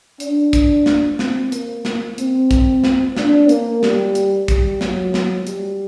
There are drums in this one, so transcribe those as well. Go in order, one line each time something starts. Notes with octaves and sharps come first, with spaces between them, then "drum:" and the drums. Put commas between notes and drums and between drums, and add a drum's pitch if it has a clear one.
D4, drum: hi-hat
drum: kick, hi-hat
drum: snare
C4, drum: snare
A#3, drum: hi-hat
drum: snare
C4, drum: hi-hat
drum: kick, hi-hat
drum: snare
D4, drum: snare
A#3, drum: hi-hat
G3, drum: snare
drum: hi-hat
G3, drum: kick, hi-hat
F#3, drum: snare
drum: snare
G3, drum: hi-hat